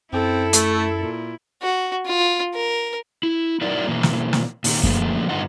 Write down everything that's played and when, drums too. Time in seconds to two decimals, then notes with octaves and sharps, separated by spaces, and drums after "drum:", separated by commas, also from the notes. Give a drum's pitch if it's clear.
0.13 F#2 C4 E4 A4
0.53 A3, drum: hi-hat
0.97 A#2
1.62 F#4
2.06 F4
2.54 A#4
3.23 E4
3.61 F#3 D#4 E4 A#4 D5
3.87 B2 E3 A#3
4.03 drum: snare
4.33 drum: snare
4.64 A#2 D#3 G4, drum: open hi-hat
4.83 D3 F3 A3 A#3, drum: kick F#2
5.29 G2 D3 G#3 D#4 F4 F#5